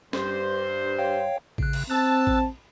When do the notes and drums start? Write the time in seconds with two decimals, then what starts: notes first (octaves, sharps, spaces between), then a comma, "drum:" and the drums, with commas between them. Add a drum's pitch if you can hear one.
0.13 G2 C5, drum: snare C#4
0.99 C#5 F5 G5
1.58 C#3 F#6, drum: kick A1
1.73 drum: cymbal
1.90 C4 A5 E6 F#6
2.27 drum: kick A1